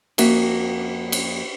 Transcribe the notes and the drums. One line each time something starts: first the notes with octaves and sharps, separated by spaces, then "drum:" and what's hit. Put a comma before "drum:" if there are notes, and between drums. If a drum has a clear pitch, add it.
F2 A#3 F#4 E5, drum: cymbal
drum: cymbal